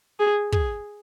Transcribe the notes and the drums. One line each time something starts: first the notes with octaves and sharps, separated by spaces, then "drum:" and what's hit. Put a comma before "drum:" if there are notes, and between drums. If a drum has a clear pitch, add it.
G#4
G#4, drum: kick